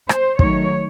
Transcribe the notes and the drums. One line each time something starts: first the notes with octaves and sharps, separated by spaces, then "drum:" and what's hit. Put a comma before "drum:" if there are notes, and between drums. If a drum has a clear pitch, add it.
C5, drum: rim click
D#3 F#3 A3 C#5, drum: kick